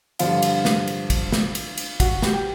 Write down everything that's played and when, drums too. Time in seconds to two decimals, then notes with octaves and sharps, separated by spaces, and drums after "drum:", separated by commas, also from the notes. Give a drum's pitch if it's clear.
0.19 G2 D3 F3 F4 F5, drum: cymbal
0.42 drum: cymbal
0.65 drum: snare
0.87 drum: cymbal
1.10 drum: kick, cymbal
1.32 drum: snare
1.55 drum: cymbal
1.77 drum: cymbal
2.00 F#4 F#5, drum: kick, cymbal
2.22 G4 G5, drum: snare
2.34 G5